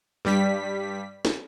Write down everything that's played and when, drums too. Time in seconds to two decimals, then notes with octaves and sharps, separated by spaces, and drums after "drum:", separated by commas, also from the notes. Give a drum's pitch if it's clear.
0.25 G2 G3 B6
1.25 drum: snare